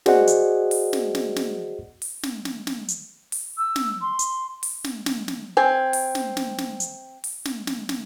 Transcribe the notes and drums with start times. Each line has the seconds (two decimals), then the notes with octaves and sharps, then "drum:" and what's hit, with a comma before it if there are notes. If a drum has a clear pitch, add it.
0.06 F#4 G#4 C5 D5 D#5 F#5, drum: snare
0.28 drum: hi-hat
0.71 drum: open hi-hat
0.93 drum: snare
1.15 drum: snare
1.36 drum: snare
2.02 drum: open hi-hat
2.23 drum: snare
2.45 drum: snare
2.67 drum: snare
2.89 drum: hi-hat
3.32 drum: open hi-hat
3.57 E6
3.76 drum: snare
4.01 C6
4.19 drum: hi-hat
4.63 drum: open hi-hat
4.84 drum: snare
5.06 drum: snare
5.28 drum: snare
5.57 C4 G#5
5.93 drum: open hi-hat
6.15 drum: snare
6.37 drum: snare
6.58 drum: snare
6.80 drum: hi-hat
7.24 drum: open hi-hat
7.45 drum: snare
7.67 drum: snare
7.89 drum: snare